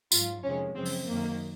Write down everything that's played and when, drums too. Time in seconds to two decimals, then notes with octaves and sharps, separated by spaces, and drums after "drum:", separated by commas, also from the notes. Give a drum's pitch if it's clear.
0.12 G#2 F#3 F4, drum: tambourine
0.43 F2 C3 D#3 G#3 C#4
0.75 F#2 C#3 F3 G#3 C4
0.85 drum: open hi-hat
1.06 F#2 D#3 F#3 A#3